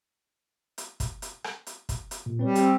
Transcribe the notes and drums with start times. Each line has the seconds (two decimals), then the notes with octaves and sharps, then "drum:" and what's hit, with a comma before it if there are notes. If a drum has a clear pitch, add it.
0.78 drum: hi-hat
1.00 drum: kick, hi-hat
1.22 drum: hi-hat
1.44 drum: rim click
1.67 drum: hi-hat
1.89 drum: kick, hi-hat
2.11 drum: hi-hat
2.26 A#2
2.39 G3 C4 B4 C#5
2.55 C4 G4, drum: hi-hat